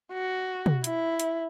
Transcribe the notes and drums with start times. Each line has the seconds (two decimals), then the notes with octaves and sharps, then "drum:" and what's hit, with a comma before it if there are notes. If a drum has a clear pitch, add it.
0.13 F#4
0.66 drum: tom
0.84 E4, drum: hi-hat
1.19 drum: hi-hat